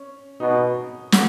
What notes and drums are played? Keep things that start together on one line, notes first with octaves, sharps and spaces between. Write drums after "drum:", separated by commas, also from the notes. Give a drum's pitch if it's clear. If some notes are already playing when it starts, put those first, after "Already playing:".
Already playing: C#4
B2 D#4
F#4, drum: snare